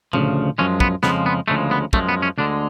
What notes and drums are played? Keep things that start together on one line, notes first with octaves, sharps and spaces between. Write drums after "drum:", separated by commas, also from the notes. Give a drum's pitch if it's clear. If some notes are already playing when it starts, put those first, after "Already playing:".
D2 C#3 F3, drum: tom A#2
F#2 F3 G#3 C#4
B3, drum: kick
F2 C#3 F3 G#3 B3, drum: snare
B3
D2 C#3 F3 G#3 A3
B3
F#2 F3 G#3 A3, drum: kick
B3
C#4
D2 D3 G#3 D4